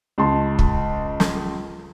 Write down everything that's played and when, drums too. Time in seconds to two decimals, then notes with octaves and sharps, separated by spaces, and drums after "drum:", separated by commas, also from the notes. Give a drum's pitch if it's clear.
0.18 C#2 A5 C6
0.59 drum: kick
1.20 drum: snare